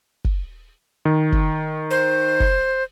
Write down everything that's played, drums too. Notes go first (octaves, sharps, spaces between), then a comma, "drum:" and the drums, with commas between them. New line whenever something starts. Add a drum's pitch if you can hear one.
drum: kick
D#3
drum: kick
C5
drum: kick